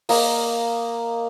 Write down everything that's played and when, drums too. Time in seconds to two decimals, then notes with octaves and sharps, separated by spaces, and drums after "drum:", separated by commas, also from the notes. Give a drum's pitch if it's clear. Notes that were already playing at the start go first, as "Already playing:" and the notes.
0.09 A#3 D#5 A#5, drum: open hi-hat